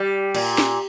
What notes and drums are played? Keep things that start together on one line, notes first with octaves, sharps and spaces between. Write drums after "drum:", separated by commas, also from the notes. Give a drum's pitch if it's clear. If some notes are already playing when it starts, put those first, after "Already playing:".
Already playing: G3 G4
A#2, drum: cymbal
drum: snare